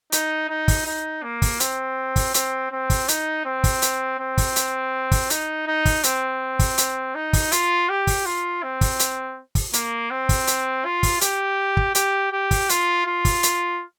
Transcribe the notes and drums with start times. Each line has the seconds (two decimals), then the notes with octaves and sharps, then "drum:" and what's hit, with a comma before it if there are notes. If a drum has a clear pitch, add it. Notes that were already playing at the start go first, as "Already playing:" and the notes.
0.12 D#4, drum: hi-hat
0.50 D#4
0.68 drum: kick, open hi-hat
0.86 D#4
1.23 A#3
1.42 drum: kick, open hi-hat
1.60 C4, drum: hi-hat
2.16 drum: kick, open hi-hat
2.34 C4, drum: hi-hat
2.72 C4
2.90 drum: kick, open hi-hat
3.08 D#4, drum: hi-hat
3.45 C4
3.64 drum: kick, open hi-hat
3.82 drum: hi-hat
4.19 C4
4.38 drum: kick, open hi-hat
4.56 drum: hi-hat
5.11 drum: kick, open hi-hat
5.30 D#4, drum: hi-hat
5.67 D#4
5.85 drum: kick, open hi-hat
6.04 C4, drum: hi-hat
6.59 drum: kick, open hi-hat
6.78 drum: hi-hat
7.15 D#4
7.33 drum: kick, open hi-hat
7.52 F4, drum: hi-hat
7.89 G4
8.07 drum: kick, open hi-hat
8.26 F4
8.63 C4
8.81 drum: kick, open hi-hat
9.00 drum: hi-hat
9.55 drum: kick, open hi-hat
9.74 A#3, drum: hi-hat
10.10 C4
10.29 drum: kick, open hi-hat
10.47 drum: hi-hat
10.85 F4
11.03 drum: kick, open hi-hat
11.21 G4, drum: hi-hat
11.77 drum: kick
11.95 G4, drum: hi-hat
12.32 G4
12.51 drum: kick, open hi-hat
12.70 F4, drum: hi-hat
13.06 F4
13.25 drum: kick, open hi-hat
13.43 drum: hi-hat